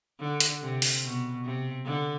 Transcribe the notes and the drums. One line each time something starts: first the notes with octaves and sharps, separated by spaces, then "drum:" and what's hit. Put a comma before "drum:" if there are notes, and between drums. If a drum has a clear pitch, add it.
D3
drum: hi-hat
C3
drum: open hi-hat
B2
C3
D3